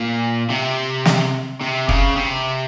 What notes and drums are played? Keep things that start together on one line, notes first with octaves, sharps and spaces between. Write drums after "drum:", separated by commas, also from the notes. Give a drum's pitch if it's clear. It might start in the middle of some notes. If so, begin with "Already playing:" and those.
Already playing: A#2
C3
drum: snare
C3
C#3, drum: kick
C3